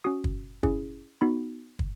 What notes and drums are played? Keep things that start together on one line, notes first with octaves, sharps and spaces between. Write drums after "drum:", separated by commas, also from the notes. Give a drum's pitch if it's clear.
C#4 F#4 D#6
drum: kick
C#4 E4 G#4, drum: kick
B3 D#4 F#4 B5
drum: kick